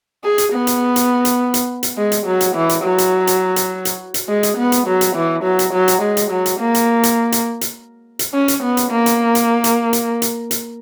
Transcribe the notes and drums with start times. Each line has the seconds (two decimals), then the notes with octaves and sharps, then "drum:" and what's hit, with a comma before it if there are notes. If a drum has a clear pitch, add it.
0.24 G#4
0.38 drum: hi-hat
0.52 B3
0.67 drum: hi-hat
0.96 drum: hi-hat
1.25 drum: hi-hat
1.54 drum: hi-hat
1.83 drum: hi-hat
1.97 G#3
2.12 drum: hi-hat
2.26 F#3
2.41 drum: hi-hat
2.55 E3
2.69 drum: hi-hat
2.84 F#3
2.98 drum: hi-hat
3.27 drum: hi-hat
3.56 drum: hi-hat
3.85 drum: hi-hat
4.14 drum: hi-hat
4.28 G#3
4.43 drum: hi-hat
4.57 B3
4.72 drum: hi-hat
4.87 F#3
5.01 drum: hi-hat
5.16 E3
5.44 F#3
5.59 drum: hi-hat
5.73 F#3
5.88 drum: hi-hat
6.02 G#3
6.17 drum: hi-hat
6.31 F#3
6.46 drum: hi-hat
6.60 A#3
6.75 drum: hi-hat
7.03 drum: hi-hat
7.32 drum: hi-hat
7.61 drum: hi-hat
8.19 drum: hi-hat
8.34 C#4
8.48 drum: hi-hat
8.63 B3
8.77 drum: hi-hat
8.91 A#3
9.06 drum: hi-hat
9.35 drum: hi-hat
9.64 drum: hi-hat
9.93 drum: hi-hat
10.22 drum: hi-hat
10.51 drum: hi-hat